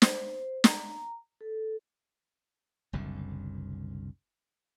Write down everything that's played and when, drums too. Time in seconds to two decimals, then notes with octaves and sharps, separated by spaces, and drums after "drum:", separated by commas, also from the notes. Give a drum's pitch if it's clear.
0.02 C5, drum: snare
0.64 A#5, drum: snare
1.41 A4
2.93 F#1 C2 F#2 D3